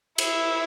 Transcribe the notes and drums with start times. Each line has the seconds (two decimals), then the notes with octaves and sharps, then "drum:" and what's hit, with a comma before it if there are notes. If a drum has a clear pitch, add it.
0.18 E4, drum: cymbal